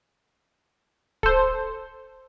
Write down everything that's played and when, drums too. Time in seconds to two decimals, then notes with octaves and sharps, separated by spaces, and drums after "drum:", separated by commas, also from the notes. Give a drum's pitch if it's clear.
1.23 A4 C5, drum: kick D1